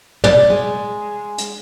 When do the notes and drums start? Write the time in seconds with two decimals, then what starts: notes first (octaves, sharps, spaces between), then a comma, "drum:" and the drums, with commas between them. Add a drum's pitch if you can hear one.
0.24 D5, drum: tom
0.50 G#3
1.38 drum: hi-hat